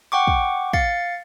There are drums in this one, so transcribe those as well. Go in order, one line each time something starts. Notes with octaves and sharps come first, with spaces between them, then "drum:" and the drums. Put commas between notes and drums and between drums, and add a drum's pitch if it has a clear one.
F#5 G5 C#6 D6
drum: kick
F5 A6 C#7, drum: kick